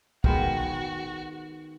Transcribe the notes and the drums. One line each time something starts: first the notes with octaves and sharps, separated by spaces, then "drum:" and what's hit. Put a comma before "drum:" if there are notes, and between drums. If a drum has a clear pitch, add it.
D#3 G#3 B3 F#4, drum: kick